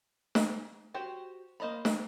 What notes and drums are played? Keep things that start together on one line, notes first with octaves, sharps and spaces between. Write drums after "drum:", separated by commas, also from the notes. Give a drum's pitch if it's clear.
drum: snare
F#4 G4 C5 G5
A#3 C5 D#5 A#5 B5
drum: snare